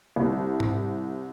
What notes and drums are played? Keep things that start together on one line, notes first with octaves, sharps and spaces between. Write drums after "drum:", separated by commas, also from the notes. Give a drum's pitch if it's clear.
C2
drum: tom G#2